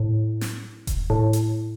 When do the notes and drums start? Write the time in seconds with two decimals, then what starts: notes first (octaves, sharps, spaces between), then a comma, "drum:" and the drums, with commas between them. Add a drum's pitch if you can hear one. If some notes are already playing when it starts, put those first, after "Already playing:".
Already playing: A2
0.41 drum: snare
0.87 drum: kick E1, hi-hat
1.10 A2
1.33 drum: hi-hat